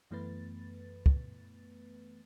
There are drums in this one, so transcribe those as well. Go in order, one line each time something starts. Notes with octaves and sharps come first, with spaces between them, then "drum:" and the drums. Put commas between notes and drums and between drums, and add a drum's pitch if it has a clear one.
F#2 E3 A3 B3 B4 A6
drum: kick